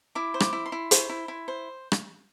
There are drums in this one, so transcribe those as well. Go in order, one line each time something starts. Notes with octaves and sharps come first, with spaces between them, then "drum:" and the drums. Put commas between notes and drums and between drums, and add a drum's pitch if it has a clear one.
E4 D6
C5
D6, drum: rim click
E4
C6
E4
C5, drum: hi-hat
E4
E4
C5
drum: rim click